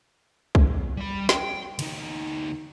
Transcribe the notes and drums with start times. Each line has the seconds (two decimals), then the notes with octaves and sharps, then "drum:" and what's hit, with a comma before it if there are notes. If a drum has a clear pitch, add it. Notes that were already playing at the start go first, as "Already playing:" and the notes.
0.55 drum: kick
0.97 G3 B5
1.29 G5, drum: snare
1.79 D2 D#4, drum: cymbal